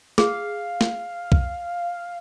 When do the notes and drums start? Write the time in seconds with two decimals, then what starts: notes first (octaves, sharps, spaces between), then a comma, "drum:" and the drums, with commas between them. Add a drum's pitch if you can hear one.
0.18 G#4 F5, drum: snare
0.81 drum: snare
1.32 drum: kick B1